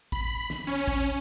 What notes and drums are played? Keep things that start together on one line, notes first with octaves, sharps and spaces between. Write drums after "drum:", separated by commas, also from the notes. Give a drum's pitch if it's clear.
B5, drum: kick
drum: snare
C#4
drum: kick